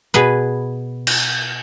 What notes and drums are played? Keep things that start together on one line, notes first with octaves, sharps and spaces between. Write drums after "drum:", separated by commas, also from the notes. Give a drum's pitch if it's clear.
B2 G#4 B4
drum: cymbal